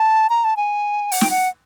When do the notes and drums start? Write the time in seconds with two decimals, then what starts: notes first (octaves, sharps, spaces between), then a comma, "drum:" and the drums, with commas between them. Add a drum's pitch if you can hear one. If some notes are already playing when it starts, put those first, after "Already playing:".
Already playing: A5
0.30 A#5
0.44 A5
0.57 G#5
1.12 F#5, drum: open hi-hat
1.21 G5, drum: snare
1.30 F#5